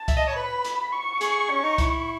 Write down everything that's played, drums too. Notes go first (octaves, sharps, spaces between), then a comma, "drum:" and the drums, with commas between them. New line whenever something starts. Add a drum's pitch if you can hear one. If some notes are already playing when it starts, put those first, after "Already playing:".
Already playing: A5
E5, drum: kick, hi-hat
D#5
C#5
B4 B5
drum: hi-hat
C#6
G#4, drum: hi-hat
C#4
D#4
E4, drum: kick, hi-hat